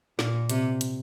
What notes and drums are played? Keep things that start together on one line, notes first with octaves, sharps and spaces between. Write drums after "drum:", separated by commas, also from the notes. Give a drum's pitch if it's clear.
A#2, drum: snare
C3, drum: hi-hat
drum: hi-hat